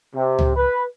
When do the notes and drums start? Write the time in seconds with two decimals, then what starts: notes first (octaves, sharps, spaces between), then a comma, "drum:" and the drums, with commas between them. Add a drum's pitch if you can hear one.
0.15 C3
0.39 drum: tom C#2
0.56 B4